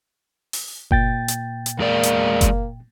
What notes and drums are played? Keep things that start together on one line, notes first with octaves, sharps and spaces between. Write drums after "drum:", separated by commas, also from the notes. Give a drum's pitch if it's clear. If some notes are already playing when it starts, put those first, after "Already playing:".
drum: open hi-hat
A#2 G5 A6, drum: kick F#1
drum: hi-hat
drum: hi-hat
E2 G#3 A#3 D5
drum: hi-hat
drum: kick F#1, hi-hat